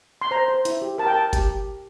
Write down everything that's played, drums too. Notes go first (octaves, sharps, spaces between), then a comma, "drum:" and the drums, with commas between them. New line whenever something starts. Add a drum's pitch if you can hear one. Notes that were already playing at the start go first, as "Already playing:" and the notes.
C6
C5 A#5
C5
E4, drum: hi-hat
G4
A#4 A5
G5
A#4 A5
G4, drum: kick F#1, hi-hat